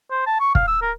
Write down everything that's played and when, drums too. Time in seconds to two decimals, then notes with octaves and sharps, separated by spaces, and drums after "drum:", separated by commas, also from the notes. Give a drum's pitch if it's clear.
0.11 C5
0.27 A5
0.40 C#6
0.55 F5, drum: kick
0.67 E6
0.82 A#4